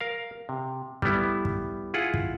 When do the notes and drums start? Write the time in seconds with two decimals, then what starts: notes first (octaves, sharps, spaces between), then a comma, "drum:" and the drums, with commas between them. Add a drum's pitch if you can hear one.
0.01 A#4 F5
0.49 C3
1.02 G3 A3 B3 E4, drum: kick
1.45 drum: kick
1.94 E4 F4 G#4 F#5
2.14 drum: kick